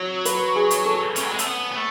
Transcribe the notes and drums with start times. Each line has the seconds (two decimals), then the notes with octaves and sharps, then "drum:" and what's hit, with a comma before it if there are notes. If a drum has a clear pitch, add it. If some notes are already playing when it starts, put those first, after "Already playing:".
Already playing: F#3 C#5
0.25 B4, drum: hi-hat
0.56 G#4
0.71 drum: hi-hat
0.86 A4
1.16 C#4, drum: hi-hat
1.25 F#3
1.31 G#3
1.39 A3, drum: hi-hat
1.45 B3
1.72 B3
1.76 A3